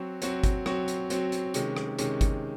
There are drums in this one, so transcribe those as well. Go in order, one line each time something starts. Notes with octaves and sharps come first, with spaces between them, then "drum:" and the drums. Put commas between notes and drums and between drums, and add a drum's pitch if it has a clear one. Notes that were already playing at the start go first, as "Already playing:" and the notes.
Already playing: F#3 C4 F#4
F#3 C4 F#4, drum: hi-hat
drum: kick G1, hi-hat
F#3 C4 F#4, drum: rim click
drum: hi-hat
F#3 C4 F#4, drum: hi-hat
drum: hi-hat
C3 D#3 G#3 C#4, drum: hi-hat
drum: rim click
C3 D#3 G#3 C#4, drum: hi-hat
drum: kick G1, hi-hat